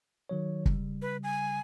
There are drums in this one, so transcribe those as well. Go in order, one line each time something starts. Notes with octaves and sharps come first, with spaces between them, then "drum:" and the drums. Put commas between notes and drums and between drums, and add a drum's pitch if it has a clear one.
D#3 F#3 C#5
C#3 G3, drum: kick
B4
G#5